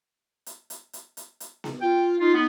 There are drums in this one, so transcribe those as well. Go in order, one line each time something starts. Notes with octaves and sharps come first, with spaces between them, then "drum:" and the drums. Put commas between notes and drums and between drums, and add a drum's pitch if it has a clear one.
drum: hi-hat
drum: hi-hat
drum: hi-hat
drum: hi-hat
drum: hi-hat
drum: snare B3
F4 G5
D#4 F4
B3